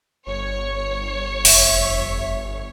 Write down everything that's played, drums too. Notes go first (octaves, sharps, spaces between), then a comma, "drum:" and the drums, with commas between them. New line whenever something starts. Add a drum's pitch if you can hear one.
G1 C#5
F1 E5, drum: open hi-hat